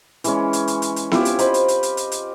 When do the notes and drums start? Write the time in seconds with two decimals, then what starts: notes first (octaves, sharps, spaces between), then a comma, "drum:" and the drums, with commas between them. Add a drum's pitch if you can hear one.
0.24 E3 G#3 C#4, drum: hi-hat
0.53 drum: hi-hat
0.67 drum: hi-hat
0.82 drum: hi-hat
0.96 drum: hi-hat
1.12 E4 F4 G4, drum: snare B3
1.25 drum: hi-hat
1.39 C5 D#5 B5, drum: hi-hat
1.54 drum: hi-hat
1.68 drum: hi-hat
1.83 drum: hi-hat
1.97 drum: hi-hat
2.12 drum: hi-hat